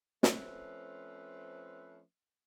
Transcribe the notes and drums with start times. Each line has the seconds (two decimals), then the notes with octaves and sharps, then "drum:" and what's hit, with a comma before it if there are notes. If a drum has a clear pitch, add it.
0.23 F3 A3 C4 C#4 B4, drum: snare